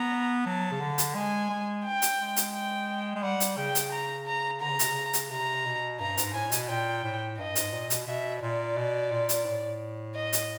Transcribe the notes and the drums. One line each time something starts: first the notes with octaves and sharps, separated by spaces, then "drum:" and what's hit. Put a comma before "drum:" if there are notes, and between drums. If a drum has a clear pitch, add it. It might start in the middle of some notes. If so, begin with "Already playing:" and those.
Already playing: B3 A#5
F#3 A5
C#3
D3
drum: hi-hat
G#3 G#5
G#3
G5
drum: hi-hat
G#3
drum: hi-hat
G5
G#3
G3 F#5
drum: hi-hat
C#3 G5
drum: hi-hat
A#5
A#5
D3 A#5
C#3
C3, drum: hi-hat
C#3
drum: hi-hat
C3 A#5
B2
G2 A#5
G#2, drum: hi-hat
A2 G#5
B2, drum: hi-hat
A#2 G5
A2
G2 D#5
G#2, drum: hi-hat
A#2
B2, drum: hi-hat
B2 E5
A#2 D5
B2
A#2
drum: hi-hat
A2
D#5
drum: hi-hat